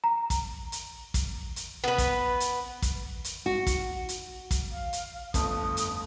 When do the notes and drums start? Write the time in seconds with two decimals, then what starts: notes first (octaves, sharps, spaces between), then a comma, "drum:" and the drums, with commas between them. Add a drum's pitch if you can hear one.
0.04 A#5
0.30 drum: kick, hi-hat
0.72 drum: hi-hat
1.14 drum: kick, hi-hat
1.56 drum: hi-hat
1.84 B3 B4
1.98 drum: kick, hi-hat
2.40 drum: hi-hat
2.82 drum: kick, hi-hat
3.24 drum: hi-hat
3.46 F#4
3.67 drum: kick, hi-hat
4.09 drum: hi-hat
4.51 drum: kick, hi-hat
4.72 F5
4.93 drum: hi-hat
5.34 G1 F2 A3 D#6, drum: kick, hi-hat
5.77 drum: hi-hat